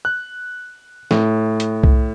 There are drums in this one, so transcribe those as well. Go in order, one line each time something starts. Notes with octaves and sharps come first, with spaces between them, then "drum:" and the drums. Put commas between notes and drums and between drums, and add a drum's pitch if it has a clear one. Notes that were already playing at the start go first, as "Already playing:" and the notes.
F#6
A2, drum: snare
drum: hi-hat
drum: kick C2